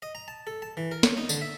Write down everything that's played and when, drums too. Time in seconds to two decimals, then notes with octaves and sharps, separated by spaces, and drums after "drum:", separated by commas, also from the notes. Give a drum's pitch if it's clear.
0.02 D#5
0.15 A#5
0.28 A5
0.47 A4
0.62 A5
0.77 E3
0.91 A#4
1.03 C#5, drum: snare
1.17 D#4
1.29 D3, drum: tambourine
1.41 E5